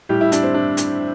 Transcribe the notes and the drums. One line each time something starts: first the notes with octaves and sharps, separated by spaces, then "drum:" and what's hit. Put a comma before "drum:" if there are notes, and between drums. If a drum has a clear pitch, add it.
A2 G3 G4
E4
D4, drum: hi-hat
C4
D4
drum: hi-hat